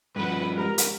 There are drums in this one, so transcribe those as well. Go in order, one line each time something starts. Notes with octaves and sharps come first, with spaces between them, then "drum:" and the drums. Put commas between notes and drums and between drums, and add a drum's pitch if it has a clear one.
G2 F3 B4 F#5
G#3 G4 A#4 B5
drum: hi-hat